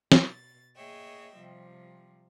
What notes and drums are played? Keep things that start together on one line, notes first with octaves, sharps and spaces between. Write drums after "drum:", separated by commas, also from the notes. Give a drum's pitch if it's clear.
B2 A6, drum: snare
A#3 G#4 C#5 D#5 E5 G5
C3 F3 G3